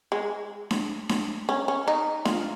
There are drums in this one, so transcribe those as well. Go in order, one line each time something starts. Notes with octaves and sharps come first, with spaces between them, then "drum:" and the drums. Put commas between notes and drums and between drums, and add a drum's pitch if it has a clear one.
G#3
drum: snare D4
drum: snare D4
C#4
C#4
D#4
F4, drum: snare D4